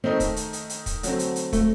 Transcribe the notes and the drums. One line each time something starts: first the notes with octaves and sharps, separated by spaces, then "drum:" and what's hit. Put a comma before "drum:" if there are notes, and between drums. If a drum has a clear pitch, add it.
D#3 A3 C4 D#4
drum: kick, hi-hat
drum: hi-hat
drum: hi-hat
drum: hi-hat
drum: kick, hi-hat
D3 F#3 A3 C4, drum: hi-hat
drum: hi-hat
drum: hi-hat
A3, drum: kick, hi-hat